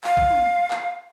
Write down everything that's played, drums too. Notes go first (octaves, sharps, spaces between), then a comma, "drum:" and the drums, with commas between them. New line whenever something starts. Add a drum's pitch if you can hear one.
F5, drum: clap
drum: kick A#1
drum: tom
drum: clap